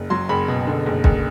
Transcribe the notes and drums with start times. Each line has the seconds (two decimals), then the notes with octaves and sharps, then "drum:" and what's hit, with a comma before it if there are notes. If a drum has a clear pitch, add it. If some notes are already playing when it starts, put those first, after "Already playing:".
Already playing: F#1
0.10 F#3 C6
0.29 F#1 B5
0.48 B2
0.67 D3
0.86 F#1
1.04 F#1, drum: kick B1